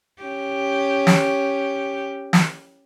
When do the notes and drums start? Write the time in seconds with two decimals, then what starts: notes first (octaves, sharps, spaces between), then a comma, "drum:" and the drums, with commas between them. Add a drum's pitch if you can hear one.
0.23 C#4 G4
1.07 drum: snare
2.33 drum: snare